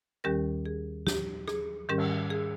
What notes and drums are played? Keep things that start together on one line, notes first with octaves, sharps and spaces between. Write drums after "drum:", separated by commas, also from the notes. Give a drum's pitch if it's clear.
D#2 D#3 G3 C#4 G4 A#4
G#4
G4, drum: snare
G#4, drum: rim click
G#2 D#3 G3 C#4 G4 A#4
drum: cymbal
G#4